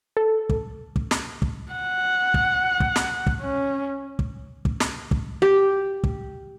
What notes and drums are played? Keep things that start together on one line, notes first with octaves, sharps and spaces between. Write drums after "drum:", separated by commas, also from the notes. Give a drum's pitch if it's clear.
A4
drum: kick
drum: kick
drum: snare
drum: kick
F#5
drum: kick
drum: kick
drum: snare
drum: kick
C#4
drum: kick
drum: kick
drum: snare
drum: kick
G4
drum: kick